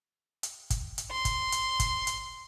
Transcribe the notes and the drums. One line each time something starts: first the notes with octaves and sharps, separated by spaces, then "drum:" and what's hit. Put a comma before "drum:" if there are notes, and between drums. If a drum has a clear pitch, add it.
drum: hi-hat
drum: kick, hi-hat
drum: hi-hat
C6
drum: kick, hi-hat
drum: hi-hat
drum: kick, hi-hat
drum: hi-hat